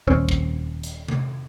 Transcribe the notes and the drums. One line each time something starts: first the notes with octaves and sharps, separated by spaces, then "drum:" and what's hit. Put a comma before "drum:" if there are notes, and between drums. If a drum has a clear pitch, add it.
D#1 C4 C#4
drum: kick
drum: hi-hat
drum: tom C3